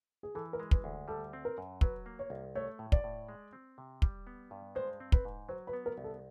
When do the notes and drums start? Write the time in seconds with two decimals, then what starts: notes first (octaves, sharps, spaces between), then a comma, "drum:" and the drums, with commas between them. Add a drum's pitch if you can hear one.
0.23 G#4
0.35 E3 A4
0.53 A#4
0.60 G#3
0.71 B4, drum: kick
0.84 D2
1.08 G3 A4
1.33 C4
1.45 A#4
1.58 F#2
1.81 F#3 B4, drum: kick
2.06 A#3
2.19 C#5
2.30 C2
2.55 A3 C#5
2.79 A2
2.92 D5, drum: kick
3.04 A2
3.29 G#3
3.53 C4
3.78 C3
4.02 G3, drum: kick
4.27 B3
4.51 G2
4.75 G#3 C5
5.00 C4
5.12 B4, drum: kick
5.25 G#2
5.49 F#3 C5
5.67 B4
5.73 B3
5.86 A#4
5.98 C2
6.04 A4